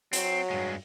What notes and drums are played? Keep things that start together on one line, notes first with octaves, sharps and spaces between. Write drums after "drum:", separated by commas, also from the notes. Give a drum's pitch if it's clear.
F#3 C4, drum: hi-hat
G2 G#3